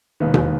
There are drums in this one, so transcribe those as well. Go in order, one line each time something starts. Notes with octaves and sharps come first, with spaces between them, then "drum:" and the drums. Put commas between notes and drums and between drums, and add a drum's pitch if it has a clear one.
E1 D#2 D#3 B4
drum: tom B2